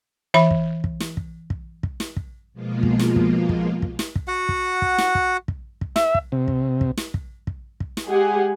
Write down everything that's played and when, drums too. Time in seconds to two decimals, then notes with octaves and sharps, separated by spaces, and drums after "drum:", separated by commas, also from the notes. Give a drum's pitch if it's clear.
0.34 E3 E5 B5
0.51 drum: kick
0.84 drum: kick
1.00 drum: snare
1.17 drum: kick
1.50 drum: kick
1.83 drum: kick
2.00 drum: snare
2.16 drum: kick
2.53 B2 F3 G#3 A#3 F4
2.83 drum: kick
2.99 drum: snare
3.16 drum: kick
3.49 drum: kick
3.82 drum: kick
3.99 drum: snare
4.16 drum: kick
4.28 F#4 F#5
4.49 drum: kick
4.82 drum: kick
4.98 drum: snare
5.15 drum: kick
5.48 drum: kick
5.81 drum: kick
5.96 E5, drum: snare
6.15 drum: kick
6.32 C3
6.48 drum: kick
6.81 drum: kick
6.97 drum: snare
7.14 drum: kick
7.47 drum: kick
7.80 drum: kick
7.97 drum: snare
8.06 G#3 G4 G#4 F#5 G#5